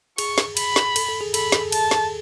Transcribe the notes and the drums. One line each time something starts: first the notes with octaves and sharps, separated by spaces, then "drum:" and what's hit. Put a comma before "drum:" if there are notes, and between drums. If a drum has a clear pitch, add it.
G#4 C#6, drum: cymbal
drum: snare
B5, drum: cymbal
drum: snare
A4, drum: cymbal
A4
G#4
A4 B5, drum: cymbal
G#4, drum: snare
A5, drum: cymbal
drum: snare